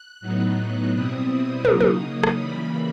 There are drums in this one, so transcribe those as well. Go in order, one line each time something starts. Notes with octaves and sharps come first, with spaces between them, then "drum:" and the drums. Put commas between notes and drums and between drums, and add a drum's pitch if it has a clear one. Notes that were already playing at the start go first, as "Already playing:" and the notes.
Already playing: F#6
A2 F#3 B3 D#4
B2 G3 C4 E4 D#6
C#3 F#3 A#3 D#4, drum: tom
drum: tom
drum: rim click
C#3 E3 G3 A#3 B5